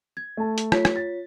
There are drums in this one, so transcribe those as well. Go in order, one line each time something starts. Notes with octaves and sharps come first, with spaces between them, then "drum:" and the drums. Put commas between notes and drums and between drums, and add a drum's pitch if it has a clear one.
G#6
A3 A5
drum: hi-hat
F4 C#5 B6, drum: rim click
drum: rim click
A6